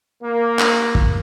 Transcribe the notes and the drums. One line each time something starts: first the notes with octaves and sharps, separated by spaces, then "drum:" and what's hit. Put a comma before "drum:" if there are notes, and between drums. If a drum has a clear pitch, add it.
A#3
drum: clap
drum: kick